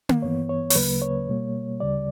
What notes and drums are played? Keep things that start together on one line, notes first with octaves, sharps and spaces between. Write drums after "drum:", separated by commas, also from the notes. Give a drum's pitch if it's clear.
drum: tom A#3
G2 E3 B3 C#5
C#5
C#5, drum: open hi-hat
D2 C#3 F#3 A#3 B4
C#5
B2 G3 A#3
D2 C#3 G3 D5